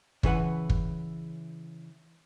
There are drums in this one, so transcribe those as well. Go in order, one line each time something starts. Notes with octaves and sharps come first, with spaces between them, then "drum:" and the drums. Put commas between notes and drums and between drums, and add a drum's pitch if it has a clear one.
C#3 E3 B4 F#5, drum: kick
drum: kick